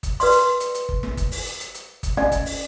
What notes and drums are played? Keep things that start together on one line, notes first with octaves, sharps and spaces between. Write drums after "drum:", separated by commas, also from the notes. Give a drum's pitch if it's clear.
drum: kick G1, hi-hat
B4 D5 C6, drum: open hi-hat
drum: hi-hat
drum: hi-hat
drum: hi-hat
drum: kick G1
drum: snare
drum: kick G1, hi-hat
drum: open hi-hat
drum: hi-hat
drum: hi-hat
drum: hi-hat
drum: kick G1, hi-hat
C#4 D5 D#5 G#5, drum: snare
drum: kick G1, hi-hat
drum: open hi-hat